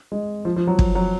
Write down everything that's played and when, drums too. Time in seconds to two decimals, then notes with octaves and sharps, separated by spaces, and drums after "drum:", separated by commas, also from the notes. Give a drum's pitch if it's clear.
0.12 G#3
0.45 F3
0.56 F3
0.67 F#3
0.79 drum: kick
0.95 F#3